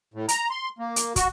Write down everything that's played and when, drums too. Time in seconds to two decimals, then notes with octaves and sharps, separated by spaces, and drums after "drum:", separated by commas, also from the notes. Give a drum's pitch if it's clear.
0.14 A2
0.29 A#5, drum: hi-hat
0.50 C6
0.79 A#3
0.96 drum: hi-hat
1.16 F#4, drum: kick, hi-hat